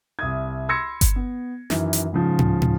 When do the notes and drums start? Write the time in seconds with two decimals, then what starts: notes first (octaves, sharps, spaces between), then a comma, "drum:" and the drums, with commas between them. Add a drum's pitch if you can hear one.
0.19 C2 E5 D#6 G#6
0.69 B5 C6 E6 G#6 A#6 C#7
1.01 drum: kick G1, hi-hat
1.16 B3
1.70 F#2 D#3 E3, drum: snare
1.93 drum: hi-hat
2.13 G#2 C#3 F3
2.39 drum: tom
2.62 drum: tom